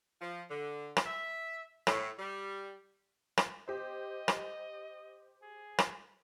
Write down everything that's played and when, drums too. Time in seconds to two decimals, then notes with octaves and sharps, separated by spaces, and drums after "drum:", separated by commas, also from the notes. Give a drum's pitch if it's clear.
0.20 F3
0.49 D3
0.96 drum: rim click
1.06 E5
1.87 A2, drum: rim click
2.19 G3
3.37 drum: rim click
3.68 G4 C5 D#5
4.28 drum: rim click
5.42 G#4
5.78 drum: rim click